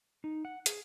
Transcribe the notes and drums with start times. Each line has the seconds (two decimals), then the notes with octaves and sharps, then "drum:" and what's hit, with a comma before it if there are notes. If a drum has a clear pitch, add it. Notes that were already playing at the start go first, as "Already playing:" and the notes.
0.24 D#4
0.45 F#5
0.66 G#4, drum: hi-hat